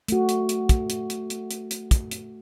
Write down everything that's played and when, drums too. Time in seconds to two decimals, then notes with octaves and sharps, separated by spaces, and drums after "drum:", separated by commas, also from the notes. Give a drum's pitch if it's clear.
0.08 A3 F#4, drum: hi-hat
0.29 drum: hi-hat
0.49 drum: hi-hat
0.69 drum: kick, hi-hat
0.90 drum: hi-hat
1.10 drum: hi-hat
1.30 drum: hi-hat
1.51 drum: hi-hat
1.71 drum: hi-hat
1.91 drum: kick, hi-hat
2.11 drum: hi-hat